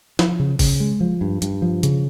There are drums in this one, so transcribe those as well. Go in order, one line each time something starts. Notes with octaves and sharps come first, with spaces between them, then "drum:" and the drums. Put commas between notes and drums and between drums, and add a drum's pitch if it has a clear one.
F3, drum: snare
C#3
C#3, drum: kick F#1, open hi-hat
G#3
F3
G2
G2, drum: hi-hat
F3
C#3, drum: hi-hat